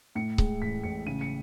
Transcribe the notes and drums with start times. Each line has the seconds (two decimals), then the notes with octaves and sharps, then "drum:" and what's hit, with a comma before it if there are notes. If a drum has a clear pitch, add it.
0.15 A2 C#7
0.38 G#3, drum: kick C#1
0.61 A1 B6
0.83 A1 C#7
1.07 C#3 D#7
1.21 C#7